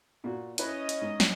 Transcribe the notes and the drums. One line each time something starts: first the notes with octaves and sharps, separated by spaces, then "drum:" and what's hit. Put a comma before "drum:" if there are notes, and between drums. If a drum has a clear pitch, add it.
A#2 F#4
C#4 E4 B4 C#5 D#5, drum: hi-hat
drum: hi-hat
G#2
drum: snare